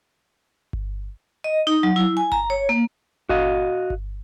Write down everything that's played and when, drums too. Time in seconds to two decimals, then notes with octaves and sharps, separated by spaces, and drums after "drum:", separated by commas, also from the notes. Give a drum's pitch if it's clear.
0.73 drum: kick G1
1.44 D#5
1.67 D#4
1.83 F#3
1.96 E4
2.17 G#5
2.32 A#5, drum: kick G1
2.50 C#5
2.69 A#3
3.29 F#4 D#5 F5, drum: kick G1
3.90 drum: kick G1